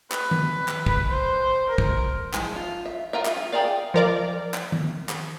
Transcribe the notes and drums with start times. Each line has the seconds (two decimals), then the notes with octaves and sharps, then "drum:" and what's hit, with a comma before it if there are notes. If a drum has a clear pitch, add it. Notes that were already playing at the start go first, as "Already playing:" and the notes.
0.12 B4, drum: clap
0.31 drum: tom D#3
0.68 drum: clap
0.86 drum: kick
1.10 C5
1.69 A#4
1.78 drum: kick
2.33 E3 F3 G#3, drum: clap
2.56 F4
2.85 E5
3.13 F4 A#4 E5
3.25 drum: clap
3.37 F4
3.52 G4 G#4 A#4 D5 F5
3.94 F3 A#4 D5
4.54 drum: clap
4.72 drum: tom D#3
5.09 drum: clap